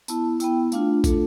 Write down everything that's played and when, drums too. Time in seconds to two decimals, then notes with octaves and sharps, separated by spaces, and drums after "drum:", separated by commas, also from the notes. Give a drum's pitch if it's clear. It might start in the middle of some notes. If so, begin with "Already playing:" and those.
0.08 B3 E4 A5, drum: tambourine
0.40 B3 E4 G5, drum: tambourine
0.72 A3 D4 F4 F5, drum: tambourine
1.04 A3 D4 F4 A4, drum: kick, tambourine